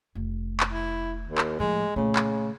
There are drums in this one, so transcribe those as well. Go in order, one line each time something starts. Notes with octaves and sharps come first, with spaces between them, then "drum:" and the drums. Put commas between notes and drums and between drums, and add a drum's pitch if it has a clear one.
F1
drum: clap
E4
D#2
drum: clap
A2 F3 G#3
A#2 C#3 A3
drum: clap